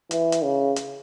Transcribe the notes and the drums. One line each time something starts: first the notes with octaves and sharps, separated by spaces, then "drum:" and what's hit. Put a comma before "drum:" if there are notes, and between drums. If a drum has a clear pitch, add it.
E3, drum: hi-hat
drum: hi-hat
C#3
drum: hi-hat